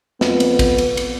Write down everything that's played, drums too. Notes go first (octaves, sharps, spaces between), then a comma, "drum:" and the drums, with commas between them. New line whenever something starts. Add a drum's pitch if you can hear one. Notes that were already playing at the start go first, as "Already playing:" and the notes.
F2 B3, drum: snare
drum: cymbal
drum: kick, cymbal
drum: cymbal
drum: cymbal